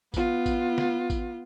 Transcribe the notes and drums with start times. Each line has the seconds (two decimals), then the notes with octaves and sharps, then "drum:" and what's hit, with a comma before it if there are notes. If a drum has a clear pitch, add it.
0.14 B3 F4, drum: kick A1, tambourine
0.46 drum: kick A1, tambourine
0.78 drum: snare
1.10 drum: kick A1, tambourine